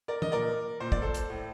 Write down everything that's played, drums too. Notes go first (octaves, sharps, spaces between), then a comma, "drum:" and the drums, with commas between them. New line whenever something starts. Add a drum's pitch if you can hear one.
A#4 D5
D#5, drum: tom
A#2 A#4 D5
A#2 C5
D5, drum: kick
A4 C5
drum: hi-hat
A2